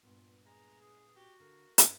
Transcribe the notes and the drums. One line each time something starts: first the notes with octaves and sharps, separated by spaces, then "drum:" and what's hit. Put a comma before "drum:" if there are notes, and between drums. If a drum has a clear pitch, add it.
G2 A#2 B3 F4
G#3 A#5
G#4
F#4 G4
D3 A#3
G2, drum: hi-hat